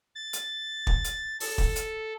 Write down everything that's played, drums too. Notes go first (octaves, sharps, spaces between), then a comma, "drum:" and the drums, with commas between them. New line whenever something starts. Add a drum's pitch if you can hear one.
A6
drum: hi-hat
drum: kick
drum: hi-hat
A4, drum: open hi-hat
drum: kick
drum: hi-hat